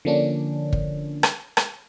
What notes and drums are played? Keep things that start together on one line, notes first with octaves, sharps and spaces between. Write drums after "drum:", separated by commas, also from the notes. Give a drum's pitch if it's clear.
D3 F3 A#3 C#4 D4
drum: kick
drum: rim click
drum: rim click